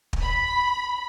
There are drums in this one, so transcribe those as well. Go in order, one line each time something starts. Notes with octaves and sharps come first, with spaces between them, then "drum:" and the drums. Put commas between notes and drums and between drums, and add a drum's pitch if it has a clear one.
drum: kick
B5